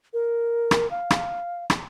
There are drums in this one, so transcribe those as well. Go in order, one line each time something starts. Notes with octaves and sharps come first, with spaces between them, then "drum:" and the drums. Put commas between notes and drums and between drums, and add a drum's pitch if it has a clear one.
A#4
drum: rim click
F5
drum: rim click
drum: rim click